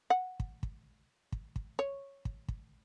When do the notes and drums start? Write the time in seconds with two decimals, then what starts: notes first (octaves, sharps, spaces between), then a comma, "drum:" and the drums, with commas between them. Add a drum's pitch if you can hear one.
0.10 F#5
0.40 drum: kick
0.63 drum: kick
1.32 drum: kick
1.56 drum: kick
1.79 C#5
2.25 drum: kick
2.48 drum: kick